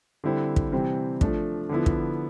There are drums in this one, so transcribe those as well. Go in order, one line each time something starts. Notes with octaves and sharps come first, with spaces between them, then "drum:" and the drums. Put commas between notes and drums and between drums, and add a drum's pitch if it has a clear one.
D3 G3 C4 E4
drum: kick
C3 E3 G3 C4
F3 A3 D4, drum: kick
D3 F3 B3 E4
drum: kick